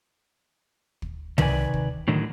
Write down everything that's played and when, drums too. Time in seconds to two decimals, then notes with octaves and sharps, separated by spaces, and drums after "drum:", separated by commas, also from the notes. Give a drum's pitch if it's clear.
1.02 drum: kick
1.38 C3 D#3 B4 C5 D5 G#5, drum: tom C2
1.74 drum: kick
2.08 A2 D3 D#3 F#3